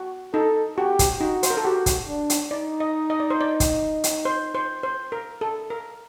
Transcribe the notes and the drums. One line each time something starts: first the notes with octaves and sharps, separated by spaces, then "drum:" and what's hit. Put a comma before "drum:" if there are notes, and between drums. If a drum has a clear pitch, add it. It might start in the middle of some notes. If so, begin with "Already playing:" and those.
Already playing: F#4
D#4 A4
F#4 G4
drum: kick, hi-hat
D#4 F#4
C5, drum: hi-hat
A#4
A4
F#4 G4
drum: kick, hi-hat
D4
drum: hi-hat
D#4 D5
D#5
D#5
D5
C5
D5
drum: kick, hi-hat
drum: hi-hat
C5
C5
C5
A#4
A4
A#4